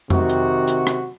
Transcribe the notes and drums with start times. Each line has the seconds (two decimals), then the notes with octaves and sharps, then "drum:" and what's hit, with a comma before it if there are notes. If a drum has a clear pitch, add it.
0.10 C3 D#3 F#4, drum: tom F2
0.29 drum: hi-hat
0.68 drum: hi-hat
0.87 drum: rim click